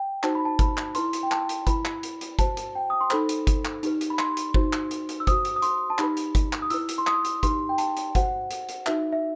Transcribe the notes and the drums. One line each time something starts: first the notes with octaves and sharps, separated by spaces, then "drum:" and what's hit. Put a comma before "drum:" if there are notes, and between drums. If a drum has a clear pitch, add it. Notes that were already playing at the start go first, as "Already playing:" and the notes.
Already playing: G5
D#4 F#4 C5 A5, drum: clap
B5
A5
B5, drum: kick G1, hi-hat
drum: clap
E4 B4 C6, drum: hi-hat
drum: hi-hat
G5
A5, drum: clap
drum: hi-hat
E4 B4 B5, drum: kick G1, hi-hat
drum: clap
drum: hi-hat
drum: hi-hat
F#4 C5 A5, drum: kick G1, hi-hat
drum: hi-hat
G5
D#6
C6
D#4 A4 C5 B5, drum: clap
drum: hi-hat
drum: kick G1, hi-hat
drum: clap
D#4 G4 B4, drum: hi-hat
drum: hi-hat
B5
C6, drum: clap
drum: hi-hat
D#4 F#4 C5, drum: kick G1
drum: clap
drum: hi-hat
drum: hi-hat
E6
F#4 C5 D#6, drum: kick G1, hi-hat
drum: hi-hat
D#6
C6, drum: hi-hat
A5
D#4 G4 B4 B5, drum: clap
drum: hi-hat
drum: kick G1, hi-hat
drum: clap
D#6
E4 B4 E6, drum: hi-hat
drum: hi-hat
C6
D#6, drum: clap
drum: hi-hat
D#4 G4 B4 C6, drum: kick G1, hi-hat
G5
A5, drum: hi-hat
drum: hi-hat
F#4 C5 F#5, drum: kick G1, hi-hat
drum: hi-hat
drum: hi-hat
D#4 F#4 B4 E5, drum: clap
E5